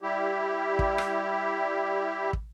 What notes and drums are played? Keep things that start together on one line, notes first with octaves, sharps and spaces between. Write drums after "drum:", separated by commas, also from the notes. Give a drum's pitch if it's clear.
G3 E4 G4
drum: kick
drum: rim click
drum: kick